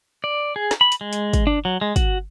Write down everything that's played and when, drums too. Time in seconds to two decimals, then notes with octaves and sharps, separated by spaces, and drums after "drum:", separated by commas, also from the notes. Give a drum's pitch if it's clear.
0.24 D5
0.56 G#4
0.71 drum: snare
0.81 B5
0.92 drum: hi-hat
1.01 G#3
1.13 drum: hi-hat
1.33 drum: kick, hi-hat
1.47 D4
1.65 F#3
1.81 G#3
1.96 F#4, drum: kick, hi-hat